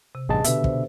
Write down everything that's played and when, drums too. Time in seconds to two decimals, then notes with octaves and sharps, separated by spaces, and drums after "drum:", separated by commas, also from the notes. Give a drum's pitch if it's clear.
0.15 C3
0.29 A1 G2 G#4 D#5 A5
0.44 B2 D3 G4 B4 E5, drum: hi-hat
0.64 C5, drum: kick